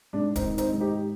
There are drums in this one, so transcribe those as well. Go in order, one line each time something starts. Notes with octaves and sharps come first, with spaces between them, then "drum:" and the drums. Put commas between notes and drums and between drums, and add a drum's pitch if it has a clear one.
G#2 D4
C4 D#4, drum: kick D1, hi-hat
D#3
C4 D#4, drum: hi-hat
G#2
D#4 G4